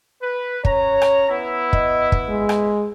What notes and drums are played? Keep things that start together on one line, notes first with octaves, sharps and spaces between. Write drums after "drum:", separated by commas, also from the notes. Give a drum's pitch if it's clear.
B4
C#4 C#5 A#5, drum: kick
drum: rim click
B3 E4
D#5, drum: kick
drum: kick
G#3
drum: rim click